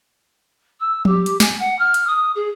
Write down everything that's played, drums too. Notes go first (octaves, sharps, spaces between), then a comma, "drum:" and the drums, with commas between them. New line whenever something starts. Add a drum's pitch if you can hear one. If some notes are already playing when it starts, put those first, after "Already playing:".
E6
G4, drum: tom F3
drum: hi-hat
G#5, drum: snare
F#5
F6
drum: hi-hat
D#6
G#4